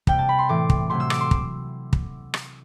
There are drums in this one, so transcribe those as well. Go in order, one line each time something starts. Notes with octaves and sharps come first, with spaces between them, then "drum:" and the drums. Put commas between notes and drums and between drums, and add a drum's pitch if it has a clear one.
C3 G3 G5, drum: kick
A5
B5
C6
A2 E3 A3 D6
drum: kick
C3 F#3 A3 C6
E6
D6, drum: rim click
C6
drum: kick
drum: kick
drum: rim click